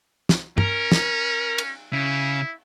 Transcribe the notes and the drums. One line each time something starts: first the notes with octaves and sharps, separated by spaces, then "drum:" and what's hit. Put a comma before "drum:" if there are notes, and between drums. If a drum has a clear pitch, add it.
drum: snare
C#4 A#4, drum: tom
drum: snare
drum: cymbal
C#3 E4